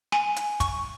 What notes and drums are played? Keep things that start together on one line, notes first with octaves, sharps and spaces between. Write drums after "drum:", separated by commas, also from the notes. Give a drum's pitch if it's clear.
G#5, drum: snare
drum: hi-hat
C#6, drum: kick, hi-hat